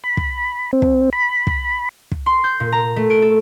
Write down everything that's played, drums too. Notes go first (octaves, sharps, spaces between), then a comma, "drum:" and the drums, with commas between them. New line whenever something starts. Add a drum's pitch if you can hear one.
B5
drum: kick
C4
drum: kick
B5
drum: kick
drum: kick
C6
G6
A#2
A#5
A3
D7
A4